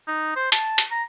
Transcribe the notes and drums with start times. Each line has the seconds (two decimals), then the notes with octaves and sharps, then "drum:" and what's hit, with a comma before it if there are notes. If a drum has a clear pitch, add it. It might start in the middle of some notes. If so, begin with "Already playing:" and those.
0.08 D#4
0.36 C5
0.52 A5, drum: hi-hat
0.78 drum: hi-hat
0.91 A#5